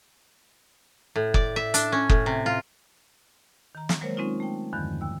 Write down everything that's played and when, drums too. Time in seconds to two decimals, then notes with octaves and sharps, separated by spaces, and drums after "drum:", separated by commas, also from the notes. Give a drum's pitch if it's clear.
1.16 A2
1.34 D5, drum: kick F#1
1.56 E5
1.74 D4, drum: hi-hat
1.92 C#4
2.09 A2, drum: kick F#1
2.26 C3
2.46 F4
3.75 D#3 A#5
3.89 drum: snare
4.01 F#3 G#3 A#3 A#4 C5 C#5
4.17 G#3 C4 C#4 D#4 F4
4.40 A3 G5
4.73 E2 G2 D3 D#3 F3
5.01 D#2 E6